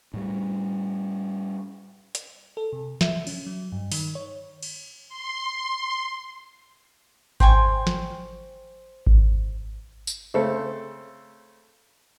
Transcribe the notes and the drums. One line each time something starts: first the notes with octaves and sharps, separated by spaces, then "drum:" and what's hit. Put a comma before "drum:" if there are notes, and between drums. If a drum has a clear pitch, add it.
A2 G3
drum: hi-hat
A4
C3
E5, drum: snare
C#4, drum: cymbal
F#3
G2
D#3, drum: open hi-hat
C#5
drum: cymbal
C6
C5 G5 G#5 C#6, drum: kick G#1
drum: snare
drum: kick G#1
drum: tambourine
C#3 A3 C4 A4